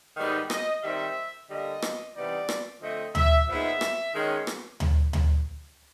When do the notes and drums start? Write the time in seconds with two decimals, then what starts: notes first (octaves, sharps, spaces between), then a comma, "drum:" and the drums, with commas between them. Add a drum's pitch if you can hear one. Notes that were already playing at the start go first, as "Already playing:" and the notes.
0.17 G#2 D#3 G3 B3 D#4
0.50 D#5, drum: rim click
0.83 D#3 G3 C4 D#4 E5
1.50 D3 G3 A#3 D#5
1.82 drum: rim click
2.15 C3 E3 G3 B3 D#4 D5
2.49 drum: rim click
2.81 D3 F3 A3 C4 D#5
3.15 E5, drum: tom D2
3.47 A#2 F3 G#3 B3 D#4 E5
3.81 drum: rim click
4.14 D#3 G#3 C#4
4.47 drum: rim click
4.80 drum: tom D2
5.13 drum: tom D2